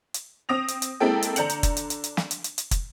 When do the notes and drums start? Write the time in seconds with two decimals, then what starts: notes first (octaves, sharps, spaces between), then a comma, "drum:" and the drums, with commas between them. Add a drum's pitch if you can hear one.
0.14 drum: hi-hat
0.49 C4 D#6 A#6 F7
0.68 drum: hi-hat
0.82 drum: hi-hat
1.00 G#3 A#3 C4 E4 A4 G5
1.22 drum: hi-hat
1.36 D3 D4 A#5 G6 C#7 F#7, drum: hi-hat
1.50 drum: hi-hat
1.63 drum: kick, hi-hat
1.77 drum: hi-hat
1.90 drum: hi-hat
2.04 drum: hi-hat
2.17 drum: snare
2.31 drum: hi-hat
2.44 drum: hi-hat
2.58 drum: hi-hat
2.71 drum: kick, hi-hat